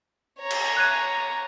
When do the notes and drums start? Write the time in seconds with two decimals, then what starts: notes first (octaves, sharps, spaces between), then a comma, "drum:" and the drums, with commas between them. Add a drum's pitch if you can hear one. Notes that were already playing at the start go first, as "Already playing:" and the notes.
0.39 C#5 A#5
0.51 drum: cymbal
0.77 F#6 G#6 D#7